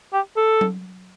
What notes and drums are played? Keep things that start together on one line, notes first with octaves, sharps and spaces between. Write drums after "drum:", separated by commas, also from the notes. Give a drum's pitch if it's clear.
G4
A4
drum: tom F#3